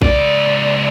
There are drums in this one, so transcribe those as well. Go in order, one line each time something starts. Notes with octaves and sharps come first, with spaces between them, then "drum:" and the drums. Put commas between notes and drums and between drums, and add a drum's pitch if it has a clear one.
C#2 D5, drum: kick A#1